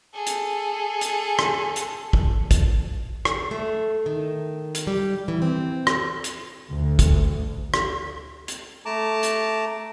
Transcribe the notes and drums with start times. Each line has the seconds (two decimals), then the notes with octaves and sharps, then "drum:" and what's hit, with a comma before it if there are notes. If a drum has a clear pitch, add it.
0.14 G#4 A4
0.27 drum: hi-hat
1.01 drum: hi-hat
1.39 drum: rim click
1.76 drum: hi-hat
2.13 drum: kick
2.51 drum: kick, hi-hat
3.25 drum: rim click
3.51 A3
4.06 D#3
4.75 drum: hi-hat
4.87 G3
5.28 E3
5.42 C4
5.87 drum: rim click
6.24 drum: hi-hat
6.70 D2
6.99 drum: kick, hi-hat
7.74 drum: rim click
8.48 drum: hi-hat
8.86 A3 A5 A#5 D6
9.23 drum: hi-hat